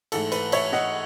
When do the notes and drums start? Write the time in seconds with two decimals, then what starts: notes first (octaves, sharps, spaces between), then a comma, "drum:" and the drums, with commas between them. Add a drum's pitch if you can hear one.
0.12 G#2 E3 A3 A4, drum: cymbal
0.32 B4, drum: cymbal
0.52 C#5 E5, drum: cymbal
0.72 D#5 F#5, drum: snare